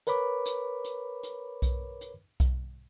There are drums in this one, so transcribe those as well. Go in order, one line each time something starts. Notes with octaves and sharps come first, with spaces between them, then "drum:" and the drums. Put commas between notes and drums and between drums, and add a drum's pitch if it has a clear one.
A#4 B4 C#5 B5 D6, drum: hi-hat
drum: hi-hat
drum: hi-hat
drum: hi-hat
drum: kick B1, hi-hat
drum: hi-hat
drum: kick B1, hi-hat